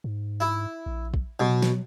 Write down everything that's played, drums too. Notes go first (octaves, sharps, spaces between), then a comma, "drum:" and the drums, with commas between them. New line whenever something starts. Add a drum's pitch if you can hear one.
G#2
E4
A#1
drum: kick
B2 F#3
drum: snare